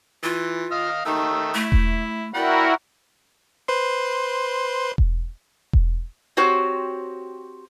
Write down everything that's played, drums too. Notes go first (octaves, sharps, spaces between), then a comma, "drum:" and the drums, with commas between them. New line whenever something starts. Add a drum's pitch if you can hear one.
E3 F4
D#5 F5 F6
D#3 A3 D#4 E6
A3 E4
drum: kick E1
E4 F#4 A#4 D5 F#5 G5 B5
B4 C5 C6
drum: kick E1
drum: kick E1
C4 F#4 G4 C5 C#5